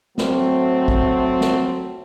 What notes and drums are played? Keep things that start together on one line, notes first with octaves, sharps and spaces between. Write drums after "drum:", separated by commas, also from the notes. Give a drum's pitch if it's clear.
F#3 A3 C4, drum: snare
drum: kick A#1
drum: snare